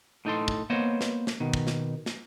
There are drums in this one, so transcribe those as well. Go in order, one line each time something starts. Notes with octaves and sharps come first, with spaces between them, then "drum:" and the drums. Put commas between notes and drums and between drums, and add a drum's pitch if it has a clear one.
A2 D#4 A4 C6
drum: kick
A#3 B3 C5 C#5 D#5
drum: snare
drum: snare
B2 D#3
drum: kick
drum: snare
drum: snare